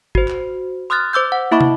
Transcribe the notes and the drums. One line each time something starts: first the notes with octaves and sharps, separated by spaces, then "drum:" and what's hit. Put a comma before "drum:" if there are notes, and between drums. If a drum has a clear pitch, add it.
F#4 C5, drum: kick
drum: clap
C6 D#6 F6 F#6 A6
C5 D6 E6 G6
F#5
A#3 E4 E5 B5 C#6 D6
drum: tom